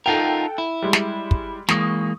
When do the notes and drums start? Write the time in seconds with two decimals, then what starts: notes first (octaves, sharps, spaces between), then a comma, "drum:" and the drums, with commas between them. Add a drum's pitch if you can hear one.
0.06 D#4 F4 A4 A#4 F#5 G5
0.58 E4
0.82 G3 G#3
0.93 drum: snare
1.31 drum: kick
1.69 E3 G#3 A#3 C#6 D#6, drum: snare